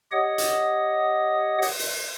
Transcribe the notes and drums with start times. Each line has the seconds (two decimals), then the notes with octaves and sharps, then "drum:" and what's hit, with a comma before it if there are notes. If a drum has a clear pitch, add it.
0.12 G4 C#5 D#5 F#5 D#6
0.38 drum: hi-hat
1.62 drum: open hi-hat
1.79 drum: open hi-hat